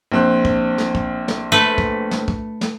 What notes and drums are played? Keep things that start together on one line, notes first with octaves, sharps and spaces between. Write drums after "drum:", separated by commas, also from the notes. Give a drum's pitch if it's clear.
A#1 C4 F#6
drum: kick
drum: snare
drum: kick
drum: snare
A3 B4
drum: kick
drum: snare
drum: kick
drum: snare